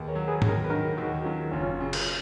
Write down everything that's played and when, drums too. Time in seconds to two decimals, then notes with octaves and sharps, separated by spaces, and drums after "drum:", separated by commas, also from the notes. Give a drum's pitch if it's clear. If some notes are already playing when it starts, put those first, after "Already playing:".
Already playing: D#2 G#4 B4
0.08 A#4 C#5
0.15 F#3
0.28 G#4 B4
0.42 D#2, drum: tom
0.49 F#4 A#4
0.64 B4
0.70 D#3 F#4 A#4
0.97 D#2 D#4 F#4
1.25 F#3 C#4 F4
1.52 F#1 C#4 F4
1.80 C#3
1.93 drum: cymbal